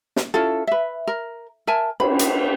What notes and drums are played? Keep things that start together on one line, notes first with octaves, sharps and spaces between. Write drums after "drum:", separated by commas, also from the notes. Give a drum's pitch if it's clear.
drum: snare
C#4 E4 F4 A4
B4 E5
A#4
A#4 E5 G#5 A5
B5, drum: cymbal
drum: hi-hat